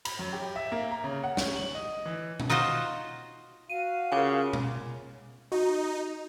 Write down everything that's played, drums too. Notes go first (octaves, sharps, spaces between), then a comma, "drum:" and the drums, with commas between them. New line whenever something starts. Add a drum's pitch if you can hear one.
B5, drum: cymbal
F#2
G4
E5
A#3
A#5
C#3
F#5
C#4, drum: snare
F#7
D#5
E3
drum: tom B2
D#4 F4 F#4 C5 D#5
F#4 F5 D#7
C#3 F4 A#4 G#5 D6
drum: tom B2
D#4 F#4